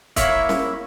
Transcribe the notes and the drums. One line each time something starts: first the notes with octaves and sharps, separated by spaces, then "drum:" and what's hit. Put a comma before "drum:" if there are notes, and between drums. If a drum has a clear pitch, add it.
A#3 E4 C#5 E5, drum: kick, hi-hat
drum: snare C#4